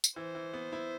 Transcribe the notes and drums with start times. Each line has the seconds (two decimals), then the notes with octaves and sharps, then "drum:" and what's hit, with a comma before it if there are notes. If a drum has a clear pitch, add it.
0.04 drum: tambourine
0.16 E3 C5
0.35 E3
0.54 B3
0.73 E4